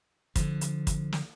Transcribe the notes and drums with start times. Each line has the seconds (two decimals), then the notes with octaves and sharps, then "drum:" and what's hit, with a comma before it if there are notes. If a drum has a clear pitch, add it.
0.36 D3 F3, drum: kick, hi-hat
0.61 drum: hi-hat
0.87 drum: kick, hi-hat
1.12 drum: snare